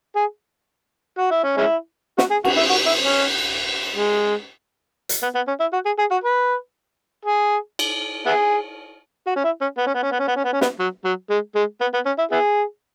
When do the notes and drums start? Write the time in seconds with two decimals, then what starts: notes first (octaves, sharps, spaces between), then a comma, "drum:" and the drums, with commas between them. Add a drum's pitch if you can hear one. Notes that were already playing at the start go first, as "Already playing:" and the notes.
0.16 G#4
1.18 F#4
1.31 E4
1.44 C#4
1.57 G#3 C#4 E4
2.18 F#4, drum: snare
2.31 G#4
2.44 F#4, drum: cymbal
2.57 E4
2.70 F#4
2.86 E4
3.03 C#4
3.96 G#3
5.09 drum: hi-hat
5.23 B3
5.35 B3
5.48 C#4
5.60 E4
5.73 F#4
5.86 G#4
5.99 G#4
6.11 F#4
6.24 B4
7.25 G#4
7.79 drum: cymbal
8.26 B3 E4 G#4
9.27 F#4
9.36 C#4
9.45 E4
9.62 C#4
9.78 B3
9.87 C#4
9.95 B3
10.03 C#4
10.12 B3
10.20 C#4
10.28 B3
10.36 C#4
10.45 B3
10.53 C#4
10.61 B3, drum: snare
10.80 F#3
11.05 F#3
11.30 G#3
11.55 G#3
11.81 B3
11.94 B3
12.06 C#4
12.18 E4
12.31 B3 E4 G#4